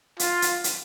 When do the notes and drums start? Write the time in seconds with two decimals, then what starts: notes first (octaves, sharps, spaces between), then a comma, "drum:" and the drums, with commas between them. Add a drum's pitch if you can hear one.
0.19 F4, drum: hi-hat
0.42 drum: hi-hat
0.64 drum: hi-hat